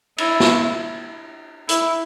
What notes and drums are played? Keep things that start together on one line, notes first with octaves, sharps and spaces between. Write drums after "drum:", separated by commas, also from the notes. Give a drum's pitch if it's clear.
E4, drum: cymbal
drum: snare
E4, drum: hi-hat